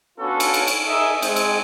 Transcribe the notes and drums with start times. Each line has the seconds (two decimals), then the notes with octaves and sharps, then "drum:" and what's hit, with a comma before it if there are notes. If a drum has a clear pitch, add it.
0.19 B3 C#4 D4 F4 F#4 A4
0.40 drum: cymbal
0.54 drum: cymbal
0.67 drum: cymbal
0.88 G#4 A#4 D#5 E5
1.22 G#3 C4 G#4, drum: cymbal
1.36 drum: cymbal